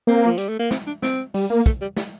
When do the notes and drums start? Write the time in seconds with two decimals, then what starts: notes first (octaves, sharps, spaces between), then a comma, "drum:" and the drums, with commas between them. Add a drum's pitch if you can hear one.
0.07 A#3 C4
0.26 F3
0.38 G3, drum: hi-hat
0.49 A3
0.59 A#3
0.71 C4, drum: snare
0.87 D4
1.02 C4, drum: snare
1.34 G3, drum: open hi-hat
1.50 A#3
1.66 A3, drum: kick, hi-hat
1.81 G3
1.97 G3, drum: snare